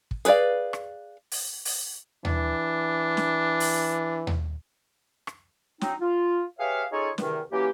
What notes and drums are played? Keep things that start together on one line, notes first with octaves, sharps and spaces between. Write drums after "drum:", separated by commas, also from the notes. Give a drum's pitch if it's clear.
drum: kick
G#4 B4 C#5 D5 F5, drum: hi-hat
drum: rim click
drum: open hi-hat
drum: open hi-hat
E3 D4, drum: tom D#2
drum: snare
drum: open hi-hat
drum: tom D#2
drum: rim click
F#3 C4 D#4, drum: snare
F4
G4 G#4 B4 C#5 E5 F5
C#4 D#4 F4 G#4 A4 C#5
E2 C3 D#3, drum: snare
E3 F#3 A#3 C#4 G4